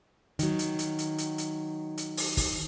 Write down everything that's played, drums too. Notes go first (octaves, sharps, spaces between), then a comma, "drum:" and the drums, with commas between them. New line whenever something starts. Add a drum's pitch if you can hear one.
D#3 F#3, drum: hi-hat
drum: hi-hat
drum: hi-hat
drum: hi-hat
drum: hi-hat
drum: hi-hat
drum: hi-hat
drum: open hi-hat
drum: kick, open hi-hat